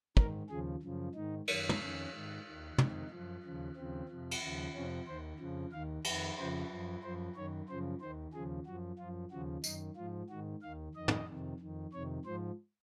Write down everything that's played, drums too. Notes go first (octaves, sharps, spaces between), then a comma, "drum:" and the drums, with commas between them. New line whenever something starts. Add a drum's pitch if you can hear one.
G#2 D#3 A#4, drum: kick
D#2 C#3 F3 G#4
F#2 C#3 F3
G#2 D#3 D#4
F#2 D#3, drum: cymbal
drum: tom
F2 D#3 C#4
G#2 D#3
D#2 D#3
F2 C3 D#3 D#4, drum: tom
F#2 F3
D#2 C#3 F3
D#2 C#3 F3 C4
F2 C3 F3
drum: cymbal
D#2 C#3 F3
F2 C3 F3 C#4
D#2 D#3 C5
F2 C#3 F3
D#2 D#3 F5
F2 D#3, drum: cymbal
F2 C#3 F3 C5
F#2 F3
F#2 F3 C5
F#2 D#3 C#5
F#2 C#3 F3 C5
D#2 D#3 C5
D#2 C#3 F3 G#4
F#2 F3 F#4
F#2 F3 F4
D#2 C#3 F3 F#4
F#2 D#3 D#4, drum: tambourine
G#2 F3 F4
G#2 D#3 F#4
D#2 D#3 F5
F2 D#3 D#5
drum: tom
F2 C3 D#3
F2 D#3
F2 C3 D#3 C#5
G#2 F3 C5